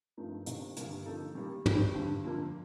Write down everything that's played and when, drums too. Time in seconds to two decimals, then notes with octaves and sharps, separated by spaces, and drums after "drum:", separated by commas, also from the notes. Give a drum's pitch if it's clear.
0.17 G2 F3 A3 D#4 A#4
0.46 C3 D#3 A#3 D4, drum: hi-hat
0.77 G2 D3 G3 A#3, drum: hi-hat
1.06 D3 F3 A#3 D#4 A4
1.35 D#3 G3 A#3
1.66 D#3 G3 C4 D#4, drum: tom
1.94 G2 D3 G3
2.25 F2 D3 F3 A#3